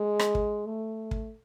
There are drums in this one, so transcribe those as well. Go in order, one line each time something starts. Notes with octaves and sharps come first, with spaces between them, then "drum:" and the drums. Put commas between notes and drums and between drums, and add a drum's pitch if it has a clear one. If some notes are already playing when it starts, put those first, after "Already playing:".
Already playing: G#3
drum: rim click
drum: kick
A3
drum: kick